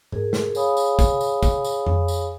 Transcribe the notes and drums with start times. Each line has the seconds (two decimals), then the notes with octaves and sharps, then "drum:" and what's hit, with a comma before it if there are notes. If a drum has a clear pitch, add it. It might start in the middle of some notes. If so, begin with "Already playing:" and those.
0.12 G#4 A#4, drum: tom G#2
0.33 drum: snare
0.55 G#4 C#5 F5 G#5 B5 D#6, drum: tambourine
0.77 drum: tambourine
0.99 drum: kick, tambourine
1.21 drum: tambourine
1.43 drum: kick, tambourine
1.64 drum: tambourine
1.86 drum: tom F2
2.08 drum: tambourine